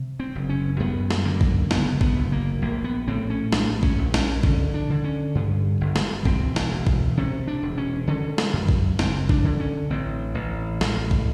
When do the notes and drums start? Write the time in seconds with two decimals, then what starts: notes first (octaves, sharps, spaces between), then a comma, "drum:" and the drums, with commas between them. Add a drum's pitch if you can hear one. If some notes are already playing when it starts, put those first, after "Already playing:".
Already playing: C3
0.20 C4
0.35 F#1
0.49 C#4
0.80 F#2 B3
1.10 drum: snare
1.25 D3 A#3
1.41 drum: kick
1.71 F#1 B3, drum: snare
2.01 B3, drum: kick
2.16 F#1
2.32 A#3
2.62 A#1 A#3
2.84 B3
3.08 A2 C4
3.30 C#4
3.52 A#1 D4, drum: snare
3.83 C#4, drum: kick
3.98 A#1
4.14 C#4, drum: snare
4.43 D3 C#4, drum: kick
4.74 D4
4.90 D3
5.04 C#4
5.35 G2
5.81 G1
5.96 drum: snare
6.25 E1 C4, drum: kick
6.56 drum: snare
6.71 E1
6.87 drum: kick
7.17 C3 C#4
7.48 D4
7.62 E1
7.78 C#4
8.07 D3 C#4
8.38 drum: snare
8.53 F#2
8.69 drum: kick
8.99 F#1 C4, drum: snare
9.29 D4, drum: kick
9.44 D3
9.60 C#4
9.90 A1 C4
10.35 A1
10.81 A1, drum: snare
11.11 drum: kick